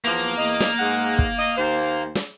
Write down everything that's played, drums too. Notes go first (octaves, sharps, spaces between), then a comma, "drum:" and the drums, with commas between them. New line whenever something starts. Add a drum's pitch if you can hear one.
E2 F3 A#3 B3
E2 D#5
drum: snare
G#2 G#3 F#5
drum: kick
D#5
D#2 C5
drum: snare